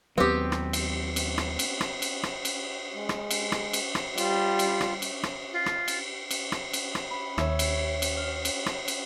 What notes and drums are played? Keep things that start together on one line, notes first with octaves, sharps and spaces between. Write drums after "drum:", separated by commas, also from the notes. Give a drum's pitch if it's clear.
D#2 F#3 B3 C4 G4
drum: rim click
drum: cymbal
drum: cymbal
drum: rim click
drum: cymbal
drum: rim click
drum: cymbal
drum: rim click
drum: cymbal
G#3
drum: rim click
drum: cymbal
drum: rim click
drum: cymbal
drum: rim click
G3 F4, drum: cymbal
drum: cymbal
drum: rim click
drum: cymbal
drum: rim click
F4
drum: rim click
drum: cymbal
drum: cymbal
drum: rim click
drum: cymbal
drum: rim click
B5
D#2 C#5 E5, drum: rim click
drum: cymbal
drum: cymbal
F6
drum: cymbal
drum: rim click
drum: cymbal